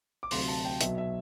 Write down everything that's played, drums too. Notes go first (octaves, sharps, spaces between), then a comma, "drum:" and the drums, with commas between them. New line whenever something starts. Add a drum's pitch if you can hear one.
D6
D2 C3 F#3 C6, drum: open hi-hat
A5
G5
B1 B2 F#3 E5, drum: hi-hat
E5